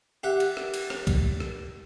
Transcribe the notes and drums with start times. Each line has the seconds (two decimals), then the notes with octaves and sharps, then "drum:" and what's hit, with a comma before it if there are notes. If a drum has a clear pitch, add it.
0.24 G4 E5 F#5
0.40 drum: cymbal
0.57 drum: rim click
0.74 drum: cymbal
0.90 drum: rim click
1.07 drum: kick C2, cymbal
1.40 drum: rim click